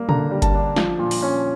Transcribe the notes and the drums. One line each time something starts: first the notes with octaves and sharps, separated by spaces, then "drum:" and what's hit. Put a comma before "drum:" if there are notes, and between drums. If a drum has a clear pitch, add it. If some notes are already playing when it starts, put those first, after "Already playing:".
Already playing: G3 A#3
D3 A#5, drum: tom A#2
G3
A5, drum: kick G1, hi-hat
D4
F3, drum: snare
A#2
drum: open hi-hat
C#4